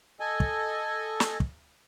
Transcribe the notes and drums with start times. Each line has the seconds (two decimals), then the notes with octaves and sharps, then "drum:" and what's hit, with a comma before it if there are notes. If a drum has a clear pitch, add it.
0.20 A4 D#5 G#5
0.40 drum: kick
1.20 drum: snare
1.40 drum: kick